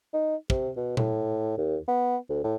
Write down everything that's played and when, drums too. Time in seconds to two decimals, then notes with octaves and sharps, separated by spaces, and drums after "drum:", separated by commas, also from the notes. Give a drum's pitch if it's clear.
0.13 D#4
0.50 C3, drum: kick
0.76 B2
0.97 A2, drum: tom A#2
1.58 D#2
1.88 B3
2.29 D2
2.44 A2